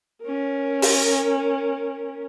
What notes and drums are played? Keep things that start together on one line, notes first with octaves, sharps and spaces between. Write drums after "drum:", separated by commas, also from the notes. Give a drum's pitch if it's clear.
C#4 A#4
drum: open hi-hat